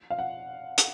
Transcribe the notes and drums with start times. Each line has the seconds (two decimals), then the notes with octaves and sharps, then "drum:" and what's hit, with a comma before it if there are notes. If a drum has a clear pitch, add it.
0.10 F5
0.19 F#5
0.78 drum: hi-hat